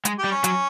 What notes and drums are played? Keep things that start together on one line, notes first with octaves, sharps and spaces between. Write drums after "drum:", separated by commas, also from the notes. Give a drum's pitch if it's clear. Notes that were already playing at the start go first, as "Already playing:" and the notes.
G#3, drum: hi-hat
G4
G3
C#4
F#3, drum: hi-hat